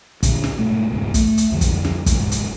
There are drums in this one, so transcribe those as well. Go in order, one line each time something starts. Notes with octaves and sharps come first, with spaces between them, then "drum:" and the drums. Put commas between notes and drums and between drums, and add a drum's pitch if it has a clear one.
A#2 D3, drum: kick, hi-hat
drum: snare
G#2 B2 A3
E1 C#2 G#2 B2
A3, drum: kick, hi-hat
drum: hi-hat
F2 D3 F3 G3
drum: kick, hi-hat
drum: snare
E1 C#2 G#2, drum: kick, hi-hat
drum: hi-hat